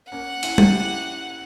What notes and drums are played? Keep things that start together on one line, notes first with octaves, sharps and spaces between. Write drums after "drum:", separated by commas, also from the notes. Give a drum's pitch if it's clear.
A#3 C#4 F#5
C#4 E4, drum: cymbal
E4 G4, drum: tom G3
E4 G4